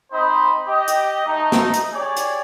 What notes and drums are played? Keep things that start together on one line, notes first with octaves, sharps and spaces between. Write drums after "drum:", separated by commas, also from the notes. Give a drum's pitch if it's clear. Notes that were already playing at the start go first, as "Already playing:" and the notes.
C4 D#4 C5 D#5 B5
G4 D#5
drum: hi-hat
A3 D#4
drum: snare
drum: hi-hat
G4 G#4 C#5 D5
drum: hi-hat